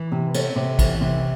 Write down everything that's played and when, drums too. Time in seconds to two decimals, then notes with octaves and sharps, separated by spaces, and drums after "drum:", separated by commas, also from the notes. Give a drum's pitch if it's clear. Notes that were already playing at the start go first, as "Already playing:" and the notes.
Already playing: E3
0.12 C3
0.34 C4, drum: cymbal
0.56 C3
0.79 E3, drum: kick, cymbal
1.01 C3